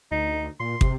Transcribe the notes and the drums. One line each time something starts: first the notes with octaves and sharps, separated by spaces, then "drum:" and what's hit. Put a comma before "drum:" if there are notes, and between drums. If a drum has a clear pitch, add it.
D2 D#4
A#2 C6
C3, drum: kick